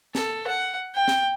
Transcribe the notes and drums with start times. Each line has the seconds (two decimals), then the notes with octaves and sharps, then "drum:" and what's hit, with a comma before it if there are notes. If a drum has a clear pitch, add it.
0.15 A4, drum: snare
0.47 F#5
0.95 G5
1.08 drum: snare